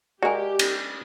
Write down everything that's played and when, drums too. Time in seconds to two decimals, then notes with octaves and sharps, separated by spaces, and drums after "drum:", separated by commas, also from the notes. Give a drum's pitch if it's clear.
0.23 G#3 F#4 G4 A#4 D5 G#5
0.59 drum: cymbal